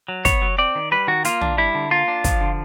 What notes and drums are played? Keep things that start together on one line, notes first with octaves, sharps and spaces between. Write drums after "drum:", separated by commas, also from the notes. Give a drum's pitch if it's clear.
F#3
B3 C#5, drum: kick, hi-hat
F#3
C4 D5
D#3
G3 B4
D#3 F#4
A#3 F4, drum: hi-hat
D4, drum: tom
G3 E4
D3
A#3 F4
D4
F3, drum: kick, hi-hat
D3